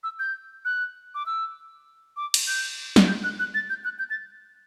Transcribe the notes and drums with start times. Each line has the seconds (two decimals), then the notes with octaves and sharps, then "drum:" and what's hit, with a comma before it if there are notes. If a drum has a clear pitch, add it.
0.03 E6
0.19 G6
0.65 F#6
1.15 D6
1.26 E6
2.17 D6
2.34 drum: cymbal
2.47 G6
2.96 drum: snare
3.08 G6
3.24 F#6
3.39 F#6
3.54 A6
3.70 G6
3.84 F#6
3.99 G6
4.10 A6